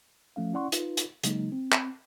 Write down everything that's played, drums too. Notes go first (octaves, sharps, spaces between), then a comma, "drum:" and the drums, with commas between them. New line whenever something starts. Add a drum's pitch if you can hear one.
F3 A3 C#4 F5
C#4 E4 D5 F#5 C6 C#6
D#4 F4 B4, drum: hi-hat
drum: hi-hat
C#3 F#3 G#3 A#3 D#4, drum: hi-hat
C4
drum: clap